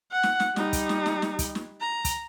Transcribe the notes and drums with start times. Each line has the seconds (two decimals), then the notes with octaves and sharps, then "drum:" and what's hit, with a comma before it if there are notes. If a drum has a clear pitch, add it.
0.12 F#5
0.23 drum: snare
0.40 drum: snare
0.56 G3 D#4, drum: snare
0.73 drum: kick, hi-hat
0.89 drum: snare
1.06 drum: snare
1.22 drum: snare
1.39 drum: kick, hi-hat
1.55 drum: snare
1.81 A#5
2.05 drum: kick, hi-hat